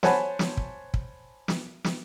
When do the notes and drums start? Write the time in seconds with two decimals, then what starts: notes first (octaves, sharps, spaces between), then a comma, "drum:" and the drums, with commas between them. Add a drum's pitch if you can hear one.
0.03 C5 C#5 F#5 G#5 A5 B5, drum: snare
0.39 drum: snare
0.57 drum: kick
0.94 drum: kick
1.48 drum: snare
1.84 drum: snare